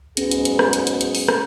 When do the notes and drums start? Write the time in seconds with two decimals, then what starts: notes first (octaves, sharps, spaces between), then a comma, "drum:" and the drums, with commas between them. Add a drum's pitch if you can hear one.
0.17 G#2 F#3 B3 C#4 G#4, drum: hi-hat
0.31 drum: hi-hat
0.45 drum: hi-hat
0.59 drum: rim click
0.73 drum: hi-hat
0.87 drum: hi-hat
1.01 drum: hi-hat
1.15 drum: open hi-hat
1.28 drum: rim click